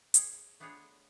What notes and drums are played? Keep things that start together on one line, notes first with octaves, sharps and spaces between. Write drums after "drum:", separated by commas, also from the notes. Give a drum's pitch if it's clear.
G#4 C#5, drum: hi-hat
A3 B3 D4 F4 G#4 C#5